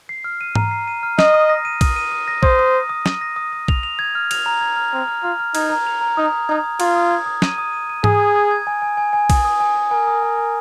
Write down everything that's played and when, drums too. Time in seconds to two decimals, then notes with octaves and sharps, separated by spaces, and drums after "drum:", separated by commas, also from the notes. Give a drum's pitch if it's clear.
0.09 C7
0.24 F6
0.41 D#7
0.55 A#5, drum: tom G#2
0.71 C7
0.88 D#7
1.03 F6
1.19 D#5 D#7, drum: snare
1.34 D#6
1.49 A#6
1.65 D#7
1.81 D#6, drum: kick, cymbal
1.96 D#7
2.12 D#6
2.28 A#6
2.43 C5 D#6, drum: kick
2.59 D#6
2.74 D#6
2.89 D#6
3.06 D#7, drum: snare
3.21 A#6
3.36 D#6
3.52 D#6
3.68 F7, drum: kick
3.83 F7
3.99 G#6
4.15 F6
4.31 F7, drum: cymbal
4.46 A#5
4.61 G#6
4.76 F6
4.93 C4 G#6
5.08 F6
5.23 F4 F6
5.39 F6
5.55 D#4 G#6, drum: cymbal
5.70 A#5
5.87 F7
6.01 A#5
6.17 D#4 D#6
6.33 G#6
6.49 D#4 G#6
6.64 D#6
6.80 F4 G#6, drum: cymbal
6.96 D#6
7.11 G#6
7.26 D#6
7.42 D#7, drum: snare
7.58 D#6
7.73 D#7
7.89 D#7
8.04 G#4 D#6, drum: tom G#2
8.20 G#6
8.36 G#6
8.51 G#6
8.67 G#5
8.82 G#5
8.97 G#5
9.13 G#5
9.30 D#6, drum: kick, cymbal
9.45 D#6
9.60 G#5
9.76 G#5
9.91 A#4 G#5
10.07 D#6
10.23 G#5
10.38 G#5